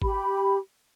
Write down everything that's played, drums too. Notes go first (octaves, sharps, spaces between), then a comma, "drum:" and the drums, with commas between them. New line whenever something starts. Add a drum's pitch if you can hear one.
G4 B5, drum: kick G1